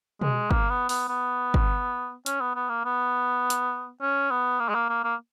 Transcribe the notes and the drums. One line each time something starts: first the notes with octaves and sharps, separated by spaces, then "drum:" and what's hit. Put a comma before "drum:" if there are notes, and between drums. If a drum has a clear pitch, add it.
G#3, drum: tom B2
A#3, drum: kick G1
B3
B3, drum: open hi-hat
B3
drum: kick G1
C#4, drum: hi-hat
B3
B3
A#3
B3
drum: hi-hat
C#4
B3
A#3
G#3
A#3
A#3
A#3